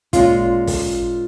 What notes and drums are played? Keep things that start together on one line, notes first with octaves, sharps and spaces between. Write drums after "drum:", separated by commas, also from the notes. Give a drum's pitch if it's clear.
A#2 G#3 C#4 F4, drum: kick, hi-hat
drum: kick, open hi-hat